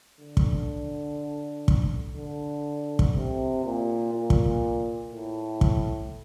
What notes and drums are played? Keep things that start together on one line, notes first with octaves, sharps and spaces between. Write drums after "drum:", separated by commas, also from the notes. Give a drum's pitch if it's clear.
D3
drum: kick
drum: kick
D3
drum: kick
C3
A#2
A#2
drum: kick
A2
drum: kick